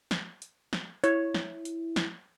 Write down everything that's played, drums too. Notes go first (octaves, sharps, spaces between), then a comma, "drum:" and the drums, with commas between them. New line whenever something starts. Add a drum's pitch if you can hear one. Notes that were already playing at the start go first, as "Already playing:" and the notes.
drum: snare
drum: hi-hat
drum: snare
E4 C#5, drum: hi-hat
drum: snare
drum: hi-hat
drum: snare